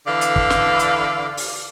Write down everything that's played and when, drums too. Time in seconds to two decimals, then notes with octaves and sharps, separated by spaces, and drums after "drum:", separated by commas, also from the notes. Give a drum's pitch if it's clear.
0.07 D3 E3 A4 D5 F5
0.21 drum: hi-hat
0.36 drum: kick
0.50 drum: snare
0.79 drum: hi-hat
1.37 drum: open hi-hat